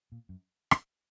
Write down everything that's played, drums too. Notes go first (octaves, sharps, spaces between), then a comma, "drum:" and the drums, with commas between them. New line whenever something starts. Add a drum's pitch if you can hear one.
A#2
F#2
drum: rim click